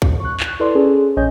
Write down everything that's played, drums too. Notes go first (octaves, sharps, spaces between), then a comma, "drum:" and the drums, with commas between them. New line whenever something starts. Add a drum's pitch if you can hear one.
drum: kick
C#6 F#6
drum: clap
E4 A4 B4 D5 C6
C#4 G#4 A4
A#1 C#4 C#5 D#5 G#5 G6